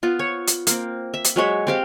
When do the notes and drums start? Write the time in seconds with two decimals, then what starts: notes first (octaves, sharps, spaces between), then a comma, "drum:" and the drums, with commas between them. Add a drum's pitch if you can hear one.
0.03 B3 F4
0.19 C#5
0.48 drum: hi-hat
0.67 A#3 C4, drum: hi-hat
1.14 E5
1.25 drum: hi-hat
1.36 F#3 G#3 C#5 E5
1.67 C4 G4 F5